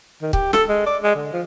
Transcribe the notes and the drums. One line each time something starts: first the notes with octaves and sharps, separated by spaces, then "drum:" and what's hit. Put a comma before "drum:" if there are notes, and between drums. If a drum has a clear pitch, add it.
D#3
G4, drum: kick C#1
A4, drum: snare
G#3
D5
G#3
D3
F3